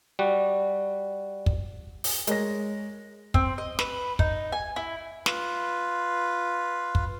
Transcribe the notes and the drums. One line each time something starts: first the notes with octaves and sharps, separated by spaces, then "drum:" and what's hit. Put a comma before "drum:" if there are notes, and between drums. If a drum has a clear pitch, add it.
G3 F#4
drum: kick
drum: open hi-hat
G#3 A#4 C#5 A#6, drum: hi-hat
C4, drum: kick
D#5
B4, drum: snare
D#4, drum: kick
G#5
E4
F4 B4, drum: snare
drum: kick